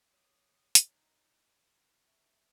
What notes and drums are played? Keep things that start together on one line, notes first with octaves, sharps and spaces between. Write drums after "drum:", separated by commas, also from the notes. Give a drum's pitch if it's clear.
C#5 D6 D#6
D#4, drum: hi-hat
C#4 A#4
E5 C#6